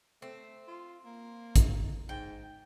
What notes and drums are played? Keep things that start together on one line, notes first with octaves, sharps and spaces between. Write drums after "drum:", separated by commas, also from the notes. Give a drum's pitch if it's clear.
A3 C4
F4
A#3
drum: kick, hi-hat
G#2 G5